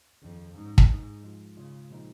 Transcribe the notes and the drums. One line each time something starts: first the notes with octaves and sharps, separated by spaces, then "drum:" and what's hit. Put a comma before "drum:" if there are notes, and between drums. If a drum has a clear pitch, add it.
F2 D#3 C#4 G#4
G#2 F3 C#4 G#4
drum: kick
G#2 G#3 D#4 G#4
F3 G#3 F4
C#3 G#3 F4 G#4
A#2 F3 G#3 D#4